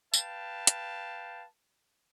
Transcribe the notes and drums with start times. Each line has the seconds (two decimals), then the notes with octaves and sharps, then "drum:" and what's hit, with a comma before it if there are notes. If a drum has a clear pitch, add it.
0.14 B4 F5 G5 A5, drum: tambourine
0.67 drum: hi-hat